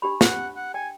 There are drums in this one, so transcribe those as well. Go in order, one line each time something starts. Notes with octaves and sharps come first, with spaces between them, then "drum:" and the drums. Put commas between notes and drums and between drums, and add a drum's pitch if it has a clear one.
D4 G4 B5
D4 F#5, drum: snare
F#5
G5 G#5